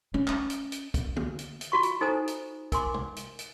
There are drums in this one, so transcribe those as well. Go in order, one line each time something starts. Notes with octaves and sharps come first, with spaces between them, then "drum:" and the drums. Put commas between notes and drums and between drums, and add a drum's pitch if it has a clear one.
C#4
drum: clap
drum: hi-hat
drum: hi-hat
drum: kick, hi-hat
drum: tom
drum: hi-hat
drum: hi-hat
F4 F#4 C#6
drum: hi-hat
D#4 A4 C5 G#5 A#5 D#6
drum: hi-hat
A#4 G#5 C6 D6, drum: kick, hi-hat
drum: tom
drum: hi-hat
drum: hi-hat